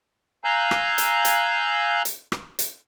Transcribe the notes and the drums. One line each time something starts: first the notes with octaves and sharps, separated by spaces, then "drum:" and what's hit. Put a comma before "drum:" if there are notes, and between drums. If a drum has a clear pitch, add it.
F5 G#5 A#5 E6 F#6 G6
drum: rim click
drum: hi-hat
drum: hi-hat
drum: hi-hat
drum: rim click
drum: hi-hat